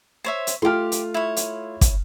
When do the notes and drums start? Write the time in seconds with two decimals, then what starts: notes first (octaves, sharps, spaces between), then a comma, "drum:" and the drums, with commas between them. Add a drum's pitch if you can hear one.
0.24 C5 C#5 E5
0.47 drum: hi-hat
0.62 A3 F4 G4 C6 F6
0.92 drum: hi-hat
1.14 E4 C#5
1.37 drum: hi-hat
1.81 drum: kick, hi-hat